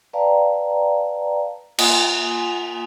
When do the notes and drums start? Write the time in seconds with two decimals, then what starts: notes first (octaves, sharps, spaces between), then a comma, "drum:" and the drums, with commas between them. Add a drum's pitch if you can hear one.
0.13 B4 D5 F5 G5 A5 A#5
1.78 A#3 F4 F#5 G#5 C6 D#6, drum: cymbal